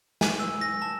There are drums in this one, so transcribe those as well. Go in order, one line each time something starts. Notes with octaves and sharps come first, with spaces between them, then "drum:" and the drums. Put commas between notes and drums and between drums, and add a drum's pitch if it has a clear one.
G#5, drum: snare
E6
A#6
A5